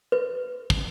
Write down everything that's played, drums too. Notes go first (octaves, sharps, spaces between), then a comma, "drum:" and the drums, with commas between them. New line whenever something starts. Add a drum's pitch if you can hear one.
B4
drum: kick